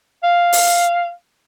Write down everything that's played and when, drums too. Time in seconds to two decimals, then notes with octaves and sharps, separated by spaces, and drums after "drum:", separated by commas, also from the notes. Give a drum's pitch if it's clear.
0.23 F5
0.53 drum: open hi-hat